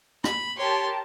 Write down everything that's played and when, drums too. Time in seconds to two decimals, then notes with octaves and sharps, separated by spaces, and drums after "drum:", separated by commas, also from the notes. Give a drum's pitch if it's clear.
0.24 B5, drum: rim click
0.57 G4 A#4 C#5 A5 C6